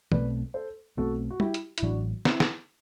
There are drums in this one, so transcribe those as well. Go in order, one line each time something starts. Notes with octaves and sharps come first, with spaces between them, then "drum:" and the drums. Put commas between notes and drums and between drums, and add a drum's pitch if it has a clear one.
B1 B2 A3 C4 B4 D5, drum: tom
A4 C5
B1 B2 A3 C4 F#4 A4
F#4
E4 G4, drum: tom
drum: hi-hat
E4, drum: hi-hat
A1 A2 F#3 D4 F#4
C4 E4, drum: snare
drum: snare